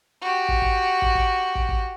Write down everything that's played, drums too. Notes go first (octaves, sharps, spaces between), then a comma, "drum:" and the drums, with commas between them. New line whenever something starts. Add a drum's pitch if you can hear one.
F#4 G4
drum: kick
drum: kick
drum: kick
drum: kick
drum: kick
drum: kick